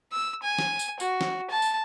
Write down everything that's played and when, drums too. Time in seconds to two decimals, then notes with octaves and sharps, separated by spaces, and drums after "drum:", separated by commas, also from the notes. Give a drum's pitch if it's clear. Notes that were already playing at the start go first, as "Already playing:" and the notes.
0.12 E6
0.42 G#5
0.59 drum: snare
0.79 drum: tambourine
1.00 F#4, drum: tambourine
1.21 drum: snare
1.50 A5
1.62 drum: tambourine